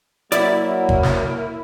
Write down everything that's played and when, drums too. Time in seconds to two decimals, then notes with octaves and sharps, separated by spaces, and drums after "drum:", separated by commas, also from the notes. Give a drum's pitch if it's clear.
0.32 F#3 A#3 E4 D5, drum: hi-hat
0.89 drum: kick G1
1.03 drum: snare